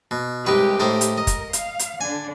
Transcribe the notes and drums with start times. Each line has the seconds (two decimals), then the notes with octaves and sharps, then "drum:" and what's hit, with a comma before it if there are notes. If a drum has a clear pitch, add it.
0.11 B2
0.47 C2 G#3 D#4 G4 B4
0.80 A2 D#4 C5
1.01 drum: hi-hat
1.18 A#4 D#5
1.27 drum: kick, hi-hat
1.53 F5, drum: hi-hat
1.79 drum: hi-hat
2.01 D3 D4 G#5